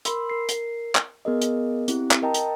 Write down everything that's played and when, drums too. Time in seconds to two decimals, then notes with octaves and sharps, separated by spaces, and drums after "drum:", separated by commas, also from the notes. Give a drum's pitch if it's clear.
0.05 A#4 B5 C6 E6, drum: hi-hat
0.30 A#4 C7
0.49 drum: hi-hat
0.95 drum: clap
1.25 B3 G#4 A#4 D#5
1.42 drum: hi-hat
1.88 C4 E4 G4, drum: hi-hat
2.11 drum: clap
2.22 A#4 D#5 G5 A5 A#5
2.34 drum: hi-hat